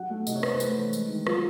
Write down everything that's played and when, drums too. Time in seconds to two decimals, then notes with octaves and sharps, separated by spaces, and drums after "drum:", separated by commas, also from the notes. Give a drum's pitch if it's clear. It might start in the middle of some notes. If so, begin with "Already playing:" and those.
Already playing: F#3 F#5
0.10 A3
0.27 C3 D#5, drum: tambourine
0.36 C#5
0.43 C3 C5, drum: rim click
0.51 B4
0.60 A3, drum: tambourine
0.77 E3
0.93 G#3, drum: tambourine
1.10 D#3
1.27 F#3 F4, drum: rim click